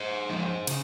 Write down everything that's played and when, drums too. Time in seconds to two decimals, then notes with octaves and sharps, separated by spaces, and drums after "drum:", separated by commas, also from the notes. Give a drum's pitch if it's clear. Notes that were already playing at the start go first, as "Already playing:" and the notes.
Already playing: G#4 C5
0.29 F3 G#3 D#4
0.67 C#3, drum: cymbal